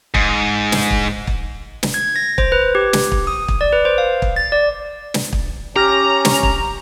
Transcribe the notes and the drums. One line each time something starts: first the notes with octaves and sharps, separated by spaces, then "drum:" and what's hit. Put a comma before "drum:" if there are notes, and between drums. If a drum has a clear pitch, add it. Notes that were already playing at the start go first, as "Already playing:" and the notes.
G#2, drum: kick
drum: snare
drum: kick
drum: kick
drum: snare
G#6
A#6
C5, drum: kick
B4
G4
drum: snare
drum: kick
D#6
drum: kick
D5
B4
C5
F5
drum: kick
A6
D5
drum: snare
drum: kick
C#4 G4 A#5 D6 F6 A#6
drum: snare
drum: kick